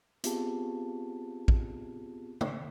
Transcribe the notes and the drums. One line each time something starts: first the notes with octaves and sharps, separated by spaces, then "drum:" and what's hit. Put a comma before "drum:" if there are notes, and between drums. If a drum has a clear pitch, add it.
B3 C4 F4 G4 G#4 A5, drum: hi-hat
drum: kick A1
drum: tom C#3